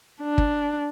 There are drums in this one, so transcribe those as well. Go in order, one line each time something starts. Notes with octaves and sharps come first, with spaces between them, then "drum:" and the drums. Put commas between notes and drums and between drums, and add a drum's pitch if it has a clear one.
D4
drum: kick